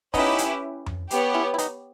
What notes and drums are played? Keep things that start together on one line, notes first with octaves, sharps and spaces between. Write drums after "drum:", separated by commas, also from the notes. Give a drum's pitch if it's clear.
B3 C#4 D#4 E4 G4 B4, drum: kick, open hi-hat
drum: hi-hat
drum: tom F2
B3 G4 C#5, drum: hi-hat
C#4 E4
E4
B3 D#4, drum: hi-hat